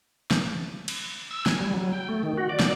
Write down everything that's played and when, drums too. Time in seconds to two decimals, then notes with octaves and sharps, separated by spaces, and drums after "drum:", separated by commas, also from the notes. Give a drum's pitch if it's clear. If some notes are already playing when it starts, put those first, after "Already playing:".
0.31 drum: snare
0.88 drum: cymbal
1.31 E6
1.46 G#5, drum: snare
1.60 G3
1.74 F#3
1.93 G5
2.09 A3
2.23 D#3
2.37 F#4
2.49 D5
2.60 drum: snare